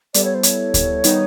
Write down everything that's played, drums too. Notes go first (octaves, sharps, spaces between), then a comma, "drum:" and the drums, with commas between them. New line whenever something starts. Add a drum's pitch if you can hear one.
G3 B3 E4 A4 D5, drum: hi-hat
C#5
C5
C#5, drum: hi-hat
drum: kick D2, hi-hat
D#3 G3 B3 D#4, drum: hi-hat